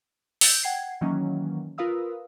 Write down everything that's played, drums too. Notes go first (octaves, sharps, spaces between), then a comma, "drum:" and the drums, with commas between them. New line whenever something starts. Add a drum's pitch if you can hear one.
E6 G6 A6 D7, drum: open hi-hat
F#5 G5 G#6 C7
D#3 E3 F#3 A#3 C#4
F4 A#4 B4 F5 D#6 E6